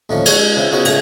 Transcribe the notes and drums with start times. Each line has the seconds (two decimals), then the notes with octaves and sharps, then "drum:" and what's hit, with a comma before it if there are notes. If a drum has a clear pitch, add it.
0.09 D#2 A2 D3 D#3 F3 C#4
0.26 F#3 G#3 F#4 C#5, drum: cymbal
0.39 G#3
0.56 C#3 E3 C4
0.72 C#3 B3 D#4 F#4 G#4 C5
0.85 G#2 C#3 G#3 A3, drum: cymbal